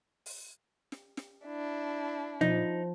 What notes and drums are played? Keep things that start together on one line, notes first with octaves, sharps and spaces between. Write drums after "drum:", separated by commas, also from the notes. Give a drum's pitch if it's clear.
drum: open hi-hat
drum: snare
drum: snare
D4 E4
F3 D#4, drum: tom